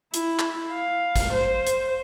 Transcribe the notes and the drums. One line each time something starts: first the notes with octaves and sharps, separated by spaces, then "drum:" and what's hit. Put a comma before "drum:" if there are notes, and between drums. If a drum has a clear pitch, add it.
E4, drum: hi-hat
drum: clap
F5
drum: kick G#1, hi-hat
C5
drum: hi-hat